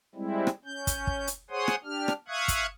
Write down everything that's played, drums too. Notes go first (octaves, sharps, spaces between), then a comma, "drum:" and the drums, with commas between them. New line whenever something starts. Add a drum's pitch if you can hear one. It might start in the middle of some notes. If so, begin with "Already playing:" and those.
G3 G#3 C4 E4
drum: rim click
C#4 G6
drum: kick, hi-hat
drum: kick
drum: hi-hat
G#4 C5 C#5 F#5 C6 D#6
drum: rim click
D4 G4 F6
drum: rim click
E5 F5 C#6 D#6 F#6 G#6
drum: kick, hi-hat